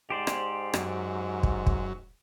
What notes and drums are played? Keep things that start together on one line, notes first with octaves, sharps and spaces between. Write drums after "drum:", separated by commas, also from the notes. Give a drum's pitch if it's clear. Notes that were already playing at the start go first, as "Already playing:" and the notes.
G#2 G4 C5 D5
drum: rim click
F#2, drum: rim click
drum: kick
drum: kick